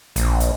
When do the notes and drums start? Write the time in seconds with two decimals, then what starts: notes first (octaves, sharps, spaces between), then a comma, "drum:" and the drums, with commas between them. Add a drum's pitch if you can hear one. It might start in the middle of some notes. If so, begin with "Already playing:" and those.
0.16 A#1, drum: hi-hat
0.40 drum: hi-hat